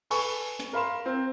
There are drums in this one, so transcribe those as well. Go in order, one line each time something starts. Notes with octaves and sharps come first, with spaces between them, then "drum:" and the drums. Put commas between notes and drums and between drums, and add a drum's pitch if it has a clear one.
A4 B4 G#5 C#6, drum: open hi-hat
drum: hi-hat
A#4 F5 B5 C6 E7
C4